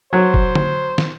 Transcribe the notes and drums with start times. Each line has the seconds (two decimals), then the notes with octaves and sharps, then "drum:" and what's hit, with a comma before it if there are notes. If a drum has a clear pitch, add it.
0.13 F#3 C5
0.34 drum: kick F1
0.55 drum: tom D3
0.98 drum: snare